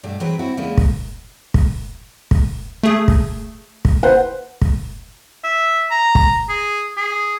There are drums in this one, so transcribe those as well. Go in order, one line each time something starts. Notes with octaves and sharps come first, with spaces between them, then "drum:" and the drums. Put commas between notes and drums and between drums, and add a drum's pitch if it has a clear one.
G2 B2 A3
E3 F#3 C4 G#4 B4
F#3 C4 E4 F#4
E2 C#3 E3 G#3 A#3 E4
drum: kick
drum: kick
drum: kick
A3 G#4
drum: kick
drum: kick
B4 C5 F#5
drum: kick
E5
A#5
drum: kick
G#4
G#4